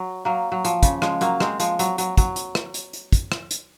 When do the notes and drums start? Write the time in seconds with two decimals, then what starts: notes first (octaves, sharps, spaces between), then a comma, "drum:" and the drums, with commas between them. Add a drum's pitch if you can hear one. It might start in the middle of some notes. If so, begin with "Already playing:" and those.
Already playing: F#3
0.25 F#3 A#3
0.52 F#3
0.65 F3, drum: hi-hat
0.83 C#3, drum: kick, hi-hat
1.02 F3 G#3, drum: rim click
1.21 F#3 A#3, drum: hi-hat
1.40 G#3 C4, drum: rim click
1.60 F3 G#3, drum: hi-hat
1.79 F#3, drum: hi-hat
1.98 F#3, drum: hi-hat
2.17 F#3, drum: kick, hi-hat
2.36 drum: hi-hat
2.55 drum: rim click
2.74 drum: hi-hat
2.93 drum: hi-hat
3.12 drum: kick, hi-hat
3.32 drum: rim click
3.51 drum: hi-hat